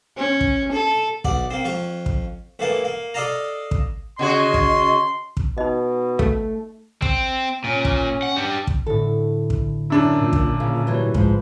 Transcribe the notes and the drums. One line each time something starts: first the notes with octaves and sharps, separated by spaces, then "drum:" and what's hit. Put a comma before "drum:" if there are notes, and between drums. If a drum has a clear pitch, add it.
C#4
drum: kick
A4
B1 D5 F#5, drum: kick
A#3 C4
F2 F4 C#6
drum: kick
A2 E3 A#3 A5
A#3
A4 D5 D#5 F5 A5 A#5
drum: kick
C#3 F#4 G#4 D#5 C6
drum: kick
drum: kick
B2 D#4 D#5
A3, drum: kick
C4, drum: kick
A#2 C#4
drum: kick
F#5
D4 G4
drum: kick
A2 D3 A4
drum: kick
F#2 D4 E4
A#2 E6 G6
drum: kick
C#3 F5
E3 F#3 G3
G#2 F3 B4, drum: kick